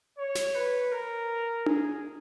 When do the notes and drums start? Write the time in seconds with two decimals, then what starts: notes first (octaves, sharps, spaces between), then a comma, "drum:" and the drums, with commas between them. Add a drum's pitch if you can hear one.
0.18 C#5
0.35 drum: snare
0.55 B4
0.92 A#4
1.66 G#4, drum: tom D4